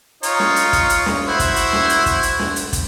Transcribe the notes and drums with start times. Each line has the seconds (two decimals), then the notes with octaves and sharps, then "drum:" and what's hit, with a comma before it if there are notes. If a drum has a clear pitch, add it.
0.23 D#4 F4 C#5, drum: hi-hat
0.40 drum: snare
0.56 drum: hi-hat
0.73 drum: kick, hi-hat
0.90 drum: hi-hat
1.06 drum: snare
1.27 E4 F#4 C5
1.40 drum: kick, hi-hat
1.56 drum: hi-hat
1.73 drum: snare
1.89 drum: hi-hat
2.06 drum: kick, hi-hat
2.23 drum: hi-hat
2.39 drum: snare
2.56 drum: hi-hat
2.73 drum: kick, hi-hat